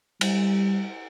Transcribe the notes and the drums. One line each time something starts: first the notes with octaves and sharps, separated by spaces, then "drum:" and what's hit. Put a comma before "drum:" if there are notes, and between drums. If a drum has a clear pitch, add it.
G3, drum: cymbal